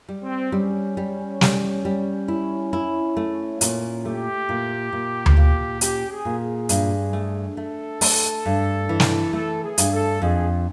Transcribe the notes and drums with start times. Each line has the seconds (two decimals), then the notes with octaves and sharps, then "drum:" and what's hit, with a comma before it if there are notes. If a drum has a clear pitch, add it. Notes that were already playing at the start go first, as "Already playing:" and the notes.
0.09 G3
0.24 C4
0.52 G3 C#4
0.97 G3
1.41 G3, drum: snare
1.85 G3
2.28 E4
2.73 E4
3.17 A3
3.61 A#2, drum: hi-hat
4.05 A3 G4
4.49 A#2
4.92 A#2
5.26 drum: tom D2
5.37 A#2
5.81 C#4 G4, drum: hi-hat
6.10 G#4
6.25 A#2
6.39 G#4
6.69 G2, drum: hi-hat
7.13 A3
7.57 A3 A4
8.01 A3, drum: open hi-hat
8.46 G2
8.89 E3
9.00 drum: snare
9.33 A3 A4
9.63 G#4
9.78 G2, drum: hi-hat
9.92 A4
10.22 F2 G#4